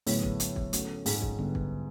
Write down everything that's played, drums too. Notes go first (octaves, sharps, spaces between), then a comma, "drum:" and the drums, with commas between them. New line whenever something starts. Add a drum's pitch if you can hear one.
A2 D3 F#3 B3 E4 G#4, drum: open hi-hat
drum: kick
drum: hi-hat
drum: kick
A3 C#4 F#4, drum: hi-hat
G#2, drum: open hi-hat
drum: kick
D3 G3 B3
drum: kick